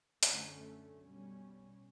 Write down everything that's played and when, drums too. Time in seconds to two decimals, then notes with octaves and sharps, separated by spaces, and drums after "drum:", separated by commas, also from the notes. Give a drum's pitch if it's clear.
0.23 F#2 D3 A3 C#4, drum: hi-hat
1.02 B2 G3 C#4